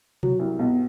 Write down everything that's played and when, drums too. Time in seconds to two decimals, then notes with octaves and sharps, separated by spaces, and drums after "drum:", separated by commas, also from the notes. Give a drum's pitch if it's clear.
0.23 F#3, drum: tom B2
0.39 C2
0.59 B1